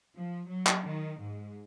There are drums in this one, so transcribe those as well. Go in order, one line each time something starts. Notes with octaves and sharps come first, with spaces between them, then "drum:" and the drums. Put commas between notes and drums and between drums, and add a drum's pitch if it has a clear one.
F3
F#3
drum: clap
D#3
G#2